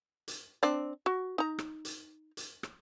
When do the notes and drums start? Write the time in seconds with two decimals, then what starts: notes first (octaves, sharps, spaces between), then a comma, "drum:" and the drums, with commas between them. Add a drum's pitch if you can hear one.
0.28 drum: hi-hat
0.63 C4 D4 D5
1.06 F#4
1.38 D#4 A#5
1.58 drum: rim click
1.85 drum: hi-hat
2.37 drum: hi-hat
2.63 drum: rim click